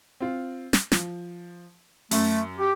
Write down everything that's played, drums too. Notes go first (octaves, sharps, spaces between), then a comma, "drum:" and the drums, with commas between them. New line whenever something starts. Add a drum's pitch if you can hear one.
C4 F4
drum: snare
F3, drum: snare
F#2 A3, drum: open hi-hat
G4